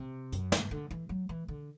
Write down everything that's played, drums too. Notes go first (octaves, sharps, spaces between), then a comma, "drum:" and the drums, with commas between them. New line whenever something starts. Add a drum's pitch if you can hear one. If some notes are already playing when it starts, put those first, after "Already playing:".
Already playing: C3
F#2, drum: hi-hat
G2, drum: snare
D3
E3
F#3
E3
D3